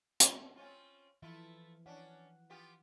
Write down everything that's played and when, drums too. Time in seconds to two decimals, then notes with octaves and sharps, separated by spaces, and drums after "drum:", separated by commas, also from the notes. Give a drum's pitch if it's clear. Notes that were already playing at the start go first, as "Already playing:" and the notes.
0.20 drum: hi-hat
0.56 C4 C#4 F4
1.22 E3 F3 A3 E4 F4
1.86 C#4 D4 F#5
2.50 B3 F4 G4